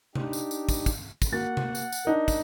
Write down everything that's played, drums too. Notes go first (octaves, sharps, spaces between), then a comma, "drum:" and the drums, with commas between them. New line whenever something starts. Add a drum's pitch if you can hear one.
D4 D#4 G4, drum: tom C3
drum: tambourine
drum: tambourine
drum: kick, tambourine
drum: kick, tambourine
drum: kick, tambourine
A#3 F#4 F#5 A6
drum: tom C3
drum: tambourine
drum: tambourine
D4 D#4 A#4
drum: kick, tambourine